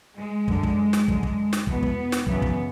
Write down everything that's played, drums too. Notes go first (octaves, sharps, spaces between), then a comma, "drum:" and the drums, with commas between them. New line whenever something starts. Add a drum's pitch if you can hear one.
G#3
F#2 D3, drum: kick
drum: kick
drum: snare
F#2 D3, drum: kick
drum: kick
drum: snare
E2 B2 B3, drum: kick
drum: kick
drum: snare
F#2 C#3 E3 B3, drum: kick
drum: kick